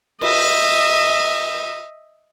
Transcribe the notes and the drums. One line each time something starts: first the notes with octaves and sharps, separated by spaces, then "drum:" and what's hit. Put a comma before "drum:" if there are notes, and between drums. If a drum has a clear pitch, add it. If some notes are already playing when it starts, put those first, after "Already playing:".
D#5 E5, drum: cymbal